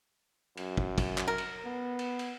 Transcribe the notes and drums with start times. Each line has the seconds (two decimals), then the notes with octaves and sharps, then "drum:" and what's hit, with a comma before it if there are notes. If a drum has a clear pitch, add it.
0.57 F#2, drum: cymbal
0.77 drum: kick
0.98 drum: kick, cymbal
1.18 drum: clap
1.28 A#4
1.38 drum: cymbal
1.65 B3
1.99 drum: cymbal
2.19 drum: cymbal